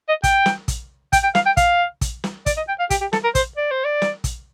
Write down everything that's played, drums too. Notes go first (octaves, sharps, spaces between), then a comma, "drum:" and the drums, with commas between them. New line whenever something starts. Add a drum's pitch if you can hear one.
D#5
G5, drum: kick, hi-hat
drum: snare
drum: kick, hi-hat
G5, drum: kick, hi-hat
G5
F5, drum: snare
G5
F5, drum: kick, hi-hat
drum: kick, hi-hat
drum: snare
D5, drum: kick, hi-hat
D#5
G5
F5
G4, drum: kick, hi-hat
G4
A4, drum: snare
A#4
C5, drum: kick, hi-hat
D5
C5
D5
drum: snare
drum: kick, hi-hat